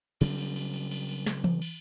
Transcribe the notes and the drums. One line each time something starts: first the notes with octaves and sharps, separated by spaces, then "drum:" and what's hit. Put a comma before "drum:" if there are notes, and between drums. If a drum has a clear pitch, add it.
C#3 F#3 G3 C4, drum: cymbal
drum: cymbal
drum: cymbal
drum: cymbal
drum: cymbal
drum: cymbal
drum: snare
drum: tom E3
drum: cymbal